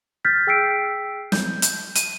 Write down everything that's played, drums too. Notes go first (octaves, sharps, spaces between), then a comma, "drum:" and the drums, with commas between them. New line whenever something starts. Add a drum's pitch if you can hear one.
F6 G6 A6 B6
G#4 G5 E6 B6 C7 D7
G6, drum: snare
drum: hi-hat
D#7, drum: hi-hat